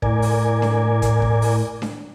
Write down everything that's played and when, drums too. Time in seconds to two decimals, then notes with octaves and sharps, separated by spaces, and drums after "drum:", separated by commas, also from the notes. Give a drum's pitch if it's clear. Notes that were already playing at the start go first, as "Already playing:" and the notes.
0.02 A2 A#4 D5 G#5, drum: kick
0.22 drum: open hi-hat
0.62 drum: snare D4
1.02 drum: kick, hi-hat
1.22 drum: kick
1.42 drum: open hi-hat
1.82 drum: snare D4